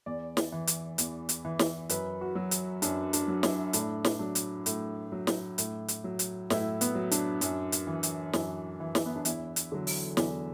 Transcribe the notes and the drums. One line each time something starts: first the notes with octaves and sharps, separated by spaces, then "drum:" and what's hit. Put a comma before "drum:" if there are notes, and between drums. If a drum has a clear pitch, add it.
E2 D5
drum: snare
E3
drum: hi-hat
E2, drum: hi-hat
drum: hi-hat
E3
drum: snare
F#2 B4, drum: hi-hat
F#4
F#3
drum: hi-hat
F#2 D4, drum: hi-hat
D4, drum: hi-hat
F#3
E4, drum: snare
A2 D4, drum: hi-hat
drum: snare
F#3 D4
drum: hi-hat
A2, drum: hi-hat
F#3
drum: snare
A2, drum: hi-hat
drum: hi-hat
F#3
drum: hi-hat
A2 E4, drum: snare
B3, drum: hi-hat
F#3
D4, drum: hi-hat
F#2, drum: hi-hat
drum: hi-hat
E3
drum: hi-hat
F#2, drum: snare
E3
drum: snare
B3
D4
E2 E4, drum: hi-hat
drum: hi-hat
D3 F#3
drum: open hi-hat
E2, drum: snare